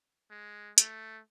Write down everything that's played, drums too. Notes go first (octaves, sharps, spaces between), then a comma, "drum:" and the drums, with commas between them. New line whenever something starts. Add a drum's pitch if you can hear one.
G#3
A3, drum: hi-hat